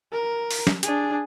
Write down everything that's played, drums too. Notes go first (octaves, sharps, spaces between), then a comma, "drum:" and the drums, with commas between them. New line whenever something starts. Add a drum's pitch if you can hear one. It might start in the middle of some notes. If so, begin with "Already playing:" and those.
A#4
drum: open hi-hat
drum: snare
D4 G#4, drum: hi-hat